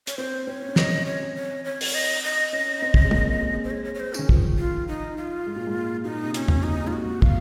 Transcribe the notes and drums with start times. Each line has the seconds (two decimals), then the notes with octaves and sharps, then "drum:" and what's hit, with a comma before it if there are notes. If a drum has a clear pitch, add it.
0.07 C#5, drum: hi-hat
0.18 C4 C5
0.47 C4 C#5
0.68 C#4
0.76 C4 D#5, drum: snare
1.06 C#5
1.36 C#5
1.65 C#5
1.81 drum: open hi-hat
1.94 D#5
2.24 D#5
2.53 C#4
2.82 C4
2.94 drum: kick
3.04 G#3
3.11 A#3, drum: tom
3.41 G#3
3.64 C5
3.70 G#3 C#5
3.84 C#5
3.95 C#5
4.00 C5
4.14 D#3 C#4, drum: tambourine
4.29 F3, drum: kick
4.58 F4
4.88 D#4
5.17 F4
5.46 G#2
5.56 A#2
5.67 G#2
6.04 A#2 D#4
6.24 C3
6.34 C#4, drum: hi-hat
6.48 drum: tom
6.63 A#2 D#4
6.84 G#2 F4
6.93 F#4
7.03 G#2
7.22 F5, drum: kick